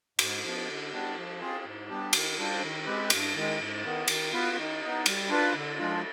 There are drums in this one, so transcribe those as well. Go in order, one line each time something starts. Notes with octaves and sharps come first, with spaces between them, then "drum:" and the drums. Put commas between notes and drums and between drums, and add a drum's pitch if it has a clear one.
G#2, drum: cymbal
F3 B3
D3
G3 B3 D4
F3
C4 F4 G#4
G#2
G3 B3 D4 G4
D#3, drum: cymbal
G3 D4 F4 C5
D#3
G#3 C4 G4 B4
G2, drum: cymbal
D#3 G#3
G#2
D#3 B3
D#3, drum: cymbal
B3 F4 B4
D#3
B3 D#4
G3, drum: cymbal
D4 F4 B4
D3
F3 G#3 D4 F4